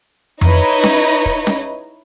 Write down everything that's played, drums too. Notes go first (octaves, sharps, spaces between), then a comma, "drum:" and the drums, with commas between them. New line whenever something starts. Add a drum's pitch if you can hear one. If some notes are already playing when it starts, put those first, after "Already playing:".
D#4 E4 B4 C#5 D#5, drum: tom F2
drum: snare C#4
drum: kick
drum: snare C#4